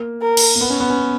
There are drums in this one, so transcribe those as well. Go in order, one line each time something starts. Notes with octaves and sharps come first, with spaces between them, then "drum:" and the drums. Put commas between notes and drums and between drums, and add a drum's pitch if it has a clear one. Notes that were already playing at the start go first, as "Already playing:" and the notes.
Already playing: A#3
A#4
drum: cymbal
A#3
B3
C#4
B3
C#4